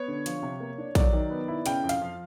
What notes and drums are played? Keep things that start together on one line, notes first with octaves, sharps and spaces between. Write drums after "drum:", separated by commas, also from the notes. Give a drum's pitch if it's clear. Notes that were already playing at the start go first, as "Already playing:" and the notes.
Already playing: B3 C#5
D3
F3, drum: hi-hat
C3
A#3
D4
F#3 D5, drum: kick, hi-hat
D#3
B3
E4
C#3 G5, drum: hi-hat
F2
F5, drum: hi-hat
F3